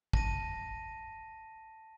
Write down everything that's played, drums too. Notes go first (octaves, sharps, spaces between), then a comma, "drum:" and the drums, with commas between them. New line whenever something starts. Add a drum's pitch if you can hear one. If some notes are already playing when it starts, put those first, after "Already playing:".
A5 A#6 D#7, drum: kick